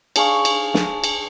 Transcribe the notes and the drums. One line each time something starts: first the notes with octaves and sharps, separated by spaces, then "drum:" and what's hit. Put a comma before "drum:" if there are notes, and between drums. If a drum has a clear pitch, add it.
D4 G#4 F5 C#6, drum: cymbal
drum: cymbal
drum: snare
drum: cymbal